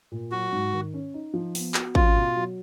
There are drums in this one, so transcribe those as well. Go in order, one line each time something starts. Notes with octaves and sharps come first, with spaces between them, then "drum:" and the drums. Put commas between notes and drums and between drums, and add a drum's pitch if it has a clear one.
A#2
F#3 F#4
G#2
D#3
C#4
D#4
F3
B3, drum: open hi-hat
F#4, drum: clap
C#4 F4, drum: kick G#1
B2
F#3